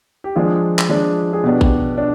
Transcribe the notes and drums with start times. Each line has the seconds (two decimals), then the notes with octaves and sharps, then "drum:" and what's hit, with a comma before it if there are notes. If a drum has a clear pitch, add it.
0.24 G4
0.36 F3 G#3 D4 F4 G#4
0.79 drum: clap
0.89 F3 G#3 D4
1.33 G#4
1.44 B2 B3 D4 G4
1.61 drum: kick
1.98 D4